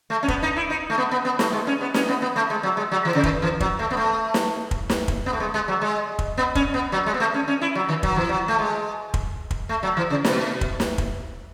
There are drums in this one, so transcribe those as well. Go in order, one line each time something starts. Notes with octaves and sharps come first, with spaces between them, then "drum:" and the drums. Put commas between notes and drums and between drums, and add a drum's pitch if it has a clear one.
A3
C#4
B3, drum: kick
D#4
E4
D#4
A3
B3
B3
B3
A3, drum: snare
G#3
C#4
B3
C#4, drum: snare
B3
B3
A3
G#3
F#3
G#3
F#3
E3
C#3
D#3, drum: kick
E3
F#3, drum: kick
A3
B3
A3
drum: snare
drum: kick
drum: snare
drum: kick
B3
A3
G#3
G#3
F#3
G#3
drum: kick
B3
C#4, drum: kick
B3
F#3
G#3
B3
A3
C#4
C#4
E4
F#3
D#3
F#3, drum: kick
E3
F#3
A3
G#3
drum: kick
drum: kick
A3
F#3
E3
C#3
B2, drum: snare
drum: kick
drum: snare
drum: kick